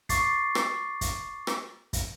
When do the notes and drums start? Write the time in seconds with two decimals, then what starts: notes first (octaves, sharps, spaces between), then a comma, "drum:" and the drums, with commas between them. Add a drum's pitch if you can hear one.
0.09 C#6 D6 A6 C7, drum: kick, hi-hat
0.55 drum: rim click
1.01 drum: kick, hi-hat
1.47 drum: rim click
1.93 drum: kick, hi-hat